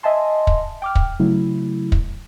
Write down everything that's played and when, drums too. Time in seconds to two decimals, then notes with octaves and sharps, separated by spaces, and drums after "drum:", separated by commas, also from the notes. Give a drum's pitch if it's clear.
0.03 D#5 E5 G#5 A5 C6
0.47 drum: kick
0.82 G5 D6 F6
0.95 drum: kick
1.20 C#3 F#3 A3 E4
1.92 drum: kick